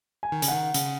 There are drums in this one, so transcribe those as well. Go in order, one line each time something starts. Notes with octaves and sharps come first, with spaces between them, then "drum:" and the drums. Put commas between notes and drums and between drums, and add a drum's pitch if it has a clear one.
G#5
D#3
C#3, drum: hi-hat
D#3 F#5
C#3, drum: hi-hat